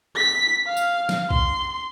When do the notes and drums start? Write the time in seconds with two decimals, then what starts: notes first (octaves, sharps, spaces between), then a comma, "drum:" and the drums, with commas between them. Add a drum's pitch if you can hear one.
0.16 B6
0.67 F5
0.77 drum: tambourine
1.09 drum: snare
1.31 C6, drum: kick